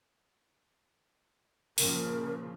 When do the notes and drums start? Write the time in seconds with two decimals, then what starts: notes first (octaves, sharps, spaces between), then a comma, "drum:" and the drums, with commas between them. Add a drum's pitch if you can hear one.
1.78 A#2 C#3 F3 A#4, drum: open hi-hat